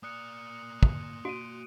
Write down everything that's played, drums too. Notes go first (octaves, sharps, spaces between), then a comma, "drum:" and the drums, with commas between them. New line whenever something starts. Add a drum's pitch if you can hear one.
A#3 D5 D#6 F#6 C#7
drum: kick
F#4 D7 D#7